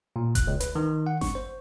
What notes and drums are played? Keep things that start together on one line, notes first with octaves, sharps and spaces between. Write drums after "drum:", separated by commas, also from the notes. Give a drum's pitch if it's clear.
A#2
F#6, drum: kick E1, hi-hat
C#2
B4, drum: hi-hat
D#3
F#5
C#6, drum: snare G1
C5